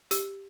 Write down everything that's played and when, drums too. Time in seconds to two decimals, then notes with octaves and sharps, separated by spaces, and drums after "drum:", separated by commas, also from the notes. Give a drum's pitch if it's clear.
0.11 G4 E6, drum: hi-hat